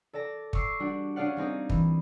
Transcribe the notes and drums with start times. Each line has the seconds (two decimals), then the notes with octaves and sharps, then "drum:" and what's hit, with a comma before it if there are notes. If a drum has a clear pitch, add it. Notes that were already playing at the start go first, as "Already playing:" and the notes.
0.13 A4 D5 A5 A#6
0.53 C#6 D6 E6 C7, drum: kick
0.80 G3 D4 F#4
1.16 C#4 D4 G#4 D5 F5 F#5
1.37 G3 C4 D#4 G#4
1.70 E3, drum: kick